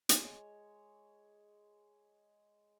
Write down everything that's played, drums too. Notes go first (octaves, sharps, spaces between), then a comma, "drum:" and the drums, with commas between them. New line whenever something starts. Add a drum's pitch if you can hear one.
G#3 C#5, drum: hi-hat